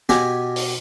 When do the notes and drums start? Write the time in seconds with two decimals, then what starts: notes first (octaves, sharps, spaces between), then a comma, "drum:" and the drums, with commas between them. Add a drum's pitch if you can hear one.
0.09 B2 G4 G#5, drum: snare
0.56 drum: open hi-hat